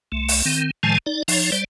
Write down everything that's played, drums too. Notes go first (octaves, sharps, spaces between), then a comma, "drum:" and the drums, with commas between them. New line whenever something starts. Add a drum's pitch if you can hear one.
C2 A3
drum: open hi-hat
D#3 C4
A2 D#3 F3 G#3 G#5 A5
D#4 D5
F3 D#4 C#5, drum: open hi-hat
G3 C5 D5